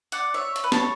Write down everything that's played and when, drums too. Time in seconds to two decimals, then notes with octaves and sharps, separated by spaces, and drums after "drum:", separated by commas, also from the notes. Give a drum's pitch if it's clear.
0.12 D5 F#5, drum: hi-hat
0.34 C#5 E5
0.56 C#5, drum: hi-hat
0.64 B4
0.72 A4 C#5, drum: snare